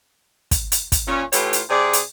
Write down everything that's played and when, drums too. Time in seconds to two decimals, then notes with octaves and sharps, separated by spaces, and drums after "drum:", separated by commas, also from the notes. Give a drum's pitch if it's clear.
0.51 drum: kick, hi-hat
0.72 drum: hi-hat
0.92 drum: kick, hi-hat
1.06 A#2 C#4
1.32 A2 E3 A3 F4 G4 C#5, drum: hi-hat
1.53 drum: hi-hat
1.70 C3 G#4 D5
1.93 drum: hi-hat